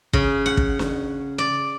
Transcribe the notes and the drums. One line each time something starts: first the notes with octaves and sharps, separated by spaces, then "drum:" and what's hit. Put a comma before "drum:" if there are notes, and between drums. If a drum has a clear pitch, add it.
C#3, drum: kick
F#5
drum: kick
drum: snare
D5